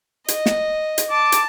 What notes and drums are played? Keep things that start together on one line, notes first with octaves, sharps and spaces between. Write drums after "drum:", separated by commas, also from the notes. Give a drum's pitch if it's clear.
D#5, drum: hi-hat
drum: snare
drum: hi-hat
A5 D6
drum: hi-hat